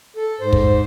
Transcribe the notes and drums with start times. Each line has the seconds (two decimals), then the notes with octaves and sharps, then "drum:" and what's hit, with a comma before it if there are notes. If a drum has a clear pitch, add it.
0.17 A4
0.41 G#2 C5
0.53 drum: kick